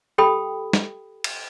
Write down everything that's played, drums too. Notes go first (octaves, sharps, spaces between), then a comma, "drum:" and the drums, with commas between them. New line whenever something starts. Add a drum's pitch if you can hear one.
G4 A4 G5 B5 D#6
drum: snare
drum: cymbal